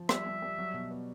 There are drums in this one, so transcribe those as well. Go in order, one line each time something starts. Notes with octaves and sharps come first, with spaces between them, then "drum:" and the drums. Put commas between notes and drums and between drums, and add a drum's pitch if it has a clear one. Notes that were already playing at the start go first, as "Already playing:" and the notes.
Already playing: F3
G3 E5, drum: rim click
G3
G3
F#3
B2
B3